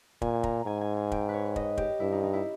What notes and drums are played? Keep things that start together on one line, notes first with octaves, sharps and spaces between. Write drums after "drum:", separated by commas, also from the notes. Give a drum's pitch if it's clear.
A#2 G#5, drum: kick
A#5, drum: kick
G#2 G#5
G#5
G#5
G5, drum: kick
B4 C#5
D#5, drum: kick
G4, drum: kick
G2 E4
D#4
D#4
E4